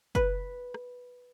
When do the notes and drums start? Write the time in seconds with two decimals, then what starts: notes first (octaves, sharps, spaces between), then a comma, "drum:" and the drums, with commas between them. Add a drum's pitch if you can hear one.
0.15 B4, drum: kick
0.74 drum: rim click